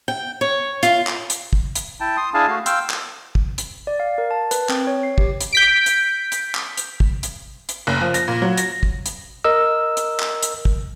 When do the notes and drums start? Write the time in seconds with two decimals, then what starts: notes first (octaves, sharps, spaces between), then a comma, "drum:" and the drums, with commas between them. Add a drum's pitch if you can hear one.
0.08 G5
0.41 C#5
0.83 F4, drum: hi-hat
1.07 drum: clap
1.30 drum: hi-hat
1.53 drum: kick
1.75 drum: hi-hat
2.00 E4 G5 A5
2.17 C6 D#6
2.34 D4 E4 G#4 F5 G#5 A5
2.47 A3 F#4 F5
2.66 F5 G5 C6 E6, drum: hi-hat
2.90 drum: clap
3.35 drum: kick
3.58 drum: hi-hat
3.87 D5
4.00 F5
4.18 A#4
4.31 A5
4.51 B4, drum: hi-hat
4.69 C4, drum: clap
4.87 C#5
5.03 C7
5.18 G4, drum: kick
5.41 drum: hi-hat
5.53 G6 B6 D7
5.86 drum: hi-hat
6.32 drum: hi-hat
6.55 drum: clap
6.77 drum: hi-hat
7.00 drum: kick
7.23 drum: hi-hat
7.69 drum: hi-hat
7.87 F#1
8.01 F3
8.14 A#6, drum: hi-hat
8.28 A#2
8.42 F#3
8.57 A#6, drum: hi-hat
8.83 drum: kick
9.06 drum: hi-hat
9.44 A#4 D#5 E6
9.97 drum: hi-hat
10.20 drum: clap
10.43 drum: hi-hat
10.65 drum: kick